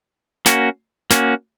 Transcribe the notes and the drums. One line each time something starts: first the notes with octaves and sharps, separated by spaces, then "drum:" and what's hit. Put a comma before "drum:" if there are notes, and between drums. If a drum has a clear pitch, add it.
A#3 C#4 F#4, drum: snare
A#3 C#4 F#4, drum: snare